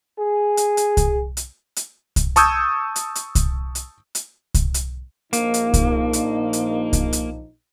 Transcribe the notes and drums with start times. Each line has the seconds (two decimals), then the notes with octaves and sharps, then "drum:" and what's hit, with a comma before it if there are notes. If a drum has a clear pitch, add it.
0.18 G#4
0.57 drum: hi-hat
0.77 drum: hi-hat
0.97 drum: kick C2, hi-hat
1.37 drum: hi-hat
1.76 drum: hi-hat
2.16 drum: kick C2, hi-hat
2.36 A5 C#6 D#6 E6 G6 G#6, drum: hi-hat
2.96 drum: hi-hat
3.15 drum: hi-hat
3.35 drum: kick C2, hi-hat
3.75 drum: hi-hat
4.15 drum: hi-hat
4.54 drum: kick C2, hi-hat
4.74 drum: hi-hat
5.33 A#1 F3 A#3 D#4, drum: hi-hat
5.54 drum: hi-hat
5.74 drum: kick C2, hi-hat
6.13 drum: hi-hat
6.53 drum: hi-hat
6.93 drum: kick C2, hi-hat
7.13 drum: hi-hat